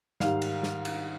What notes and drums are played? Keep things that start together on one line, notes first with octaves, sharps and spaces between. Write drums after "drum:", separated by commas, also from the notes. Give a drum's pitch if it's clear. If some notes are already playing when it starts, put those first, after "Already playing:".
G#2 D#3 G3 F5, drum: snare
drum: cymbal
drum: snare
drum: cymbal